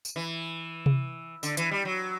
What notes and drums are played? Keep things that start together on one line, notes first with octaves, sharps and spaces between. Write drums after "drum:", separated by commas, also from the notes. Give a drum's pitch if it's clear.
drum: tambourine
E3
drum: tom C3
D3, drum: tambourine
E3, drum: hi-hat
G3
F#3